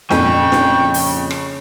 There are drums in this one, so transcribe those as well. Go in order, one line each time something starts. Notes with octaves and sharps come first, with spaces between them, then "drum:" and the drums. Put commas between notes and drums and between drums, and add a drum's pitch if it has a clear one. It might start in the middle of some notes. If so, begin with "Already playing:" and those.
F2 A#2 C#3 G5 G#5 C#6, drum: snare D4
drum: snare D4
drum: open hi-hat
drum: rim click